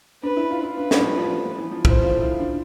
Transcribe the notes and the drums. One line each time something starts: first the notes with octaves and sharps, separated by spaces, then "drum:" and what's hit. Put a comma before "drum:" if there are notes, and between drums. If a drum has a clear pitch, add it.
D4 B4
E4
F4
E4
D4 B4
G3, drum: snare
F3
F3
A3
F3
E3
F3
E4 C5, drum: kick
F4
E4
D4